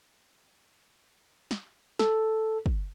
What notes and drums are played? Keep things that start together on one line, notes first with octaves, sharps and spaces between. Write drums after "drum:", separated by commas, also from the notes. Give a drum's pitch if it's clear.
drum: snare
A4, drum: snare
drum: kick